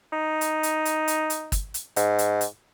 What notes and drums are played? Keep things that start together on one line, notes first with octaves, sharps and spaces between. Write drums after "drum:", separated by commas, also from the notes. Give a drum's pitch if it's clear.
D#4
drum: hi-hat
drum: hi-hat
drum: hi-hat
drum: hi-hat
drum: hi-hat
drum: kick, hi-hat
drum: hi-hat
G#2, drum: hi-hat
drum: hi-hat
drum: hi-hat